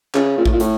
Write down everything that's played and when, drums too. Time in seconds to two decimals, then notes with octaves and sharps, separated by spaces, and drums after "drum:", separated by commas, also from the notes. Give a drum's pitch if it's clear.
0.15 C#3, drum: clap
0.37 A#2
0.45 A2, drum: kick A1
0.52 A#2
0.60 A2, drum: hi-hat